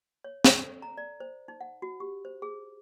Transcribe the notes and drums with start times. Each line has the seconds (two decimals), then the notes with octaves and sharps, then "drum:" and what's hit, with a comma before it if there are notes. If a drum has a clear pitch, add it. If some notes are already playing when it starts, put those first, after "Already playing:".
0.24 C#5
0.44 D5, drum: snare
0.64 A4
0.82 A#5
0.97 D5
1.20 C5
1.48 D#4
1.61 F#5
1.82 F#4
2.00 G4
2.25 C5
2.42 G#4